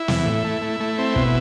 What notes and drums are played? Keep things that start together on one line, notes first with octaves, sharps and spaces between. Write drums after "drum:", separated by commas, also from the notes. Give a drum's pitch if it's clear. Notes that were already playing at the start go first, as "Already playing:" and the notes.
Already playing: E4
E2, drum: snare
A2
A3
A3
A3
C4
B2, drum: kick